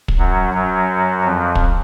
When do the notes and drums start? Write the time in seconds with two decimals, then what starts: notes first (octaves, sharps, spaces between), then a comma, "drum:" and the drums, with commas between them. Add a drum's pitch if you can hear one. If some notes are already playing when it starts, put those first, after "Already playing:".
0.08 drum: kick
0.18 F#2 F#3
0.53 F#2 F#3
1.24 F2 F3
1.55 drum: kick